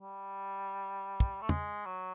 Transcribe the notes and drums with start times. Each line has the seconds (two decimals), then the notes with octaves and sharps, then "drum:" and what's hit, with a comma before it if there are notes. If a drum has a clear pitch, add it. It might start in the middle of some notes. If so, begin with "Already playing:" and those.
0.01 G3
1.20 drum: kick
1.42 A3
1.49 G#3, drum: tom
1.86 F#3